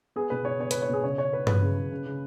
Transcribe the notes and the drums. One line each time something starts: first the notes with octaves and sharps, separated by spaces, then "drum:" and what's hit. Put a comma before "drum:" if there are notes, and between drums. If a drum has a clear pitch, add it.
B3 G#4
B2 B4
B2 C#5
B3 C#5
B4, drum: hi-hat
B3
C#5
B2 G#4
C#3 C#5
C#3 C#5
B3 B4
F#3 B4, drum: tom G2
C#3
C#3
C#3
C#3